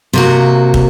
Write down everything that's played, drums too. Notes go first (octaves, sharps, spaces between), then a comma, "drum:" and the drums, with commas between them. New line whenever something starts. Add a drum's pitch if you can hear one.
C3 A#3 F#4
drum: kick